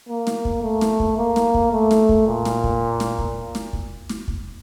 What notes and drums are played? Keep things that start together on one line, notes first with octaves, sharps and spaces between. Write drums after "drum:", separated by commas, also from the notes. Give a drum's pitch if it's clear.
A#3
drum: snare
drum: kick
A3
drum: snare
drum: kick
A#3
drum: snare
drum: kick
A3
drum: snare
drum: kick
A#2
drum: snare
drum: kick
drum: snare
drum: kick
drum: snare
drum: kick
drum: snare
drum: kick